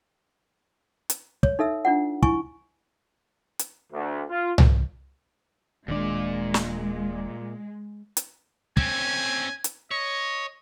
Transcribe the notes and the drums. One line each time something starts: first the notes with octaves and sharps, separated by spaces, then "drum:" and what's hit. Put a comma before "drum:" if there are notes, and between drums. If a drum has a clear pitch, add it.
drum: hi-hat
C#5, drum: kick
D#4 A4 E5 E6
D4 F4 F#5
E4 G#5 C#6, drum: kick
drum: hi-hat
D2
F4
drum: tom C2
D#1 A#2 D#3 G#3 D4 D5
drum: snare
drum: hi-hat
C4 C#4 G#5, drum: kick
drum: hi-hat
C#5 D#5